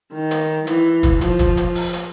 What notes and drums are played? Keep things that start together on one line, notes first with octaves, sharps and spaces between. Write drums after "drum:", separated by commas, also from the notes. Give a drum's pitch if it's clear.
D#3
drum: hi-hat
E3, drum: hi-hat
drum: kick, hi-hat
F3, drum: hi-hat
drum: kick, hi-hat
drum: hi-hat
drum: open hi-hat
drum: hi-hat